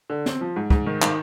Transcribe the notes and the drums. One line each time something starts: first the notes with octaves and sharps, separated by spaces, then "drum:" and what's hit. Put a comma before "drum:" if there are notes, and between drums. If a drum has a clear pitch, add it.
D3
C4, drum: snare
F3
G#2
G#2, drum: kick
D#3
D#3, drum: clap